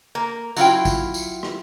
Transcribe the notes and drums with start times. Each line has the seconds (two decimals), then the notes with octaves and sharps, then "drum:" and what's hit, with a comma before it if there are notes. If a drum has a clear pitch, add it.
0.15 A#3
0.56 F#3 E4 F4 G5, drum: tambourine
0.85 drum: kick, tambourine
1.14 drum: tambourine
1.43 drum: rim click